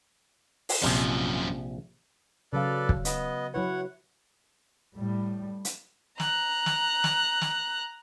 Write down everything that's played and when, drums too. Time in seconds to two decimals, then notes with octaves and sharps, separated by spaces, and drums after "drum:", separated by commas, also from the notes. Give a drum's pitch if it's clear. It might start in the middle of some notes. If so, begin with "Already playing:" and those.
0.69 drum: open hi-hat
0.83 A#1 F#2 C3 F3 D4
2.53 C#3 F#3 A4 B4 D5 F5
2.89 drum: kick
3.05 B3 D#5, drum: hi-hat
3.54 F#3 E4 B4 C#5 F#5
4.95 A2 G3
5.65 drum: hi-hat
6.20 A#5 F#6, drum: snare
6.66 drum: snare
7.04 drum: snare
7.41 drum: snare